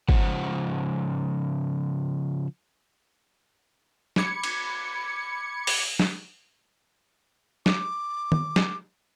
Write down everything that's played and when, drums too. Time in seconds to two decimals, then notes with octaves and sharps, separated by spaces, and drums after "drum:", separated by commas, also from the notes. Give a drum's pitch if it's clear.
0.09 C#3 F3 G#3 E4 C5 F#5, drum: kick
4.16 B5 D6 G#6 C#7, drum: snare
4.43 drum: cymbal
5.67 drum: open hi-hat
5.99 drum: snare
7.66 D6, drum: snare
8.32 drum: tom
8.56 drum: snare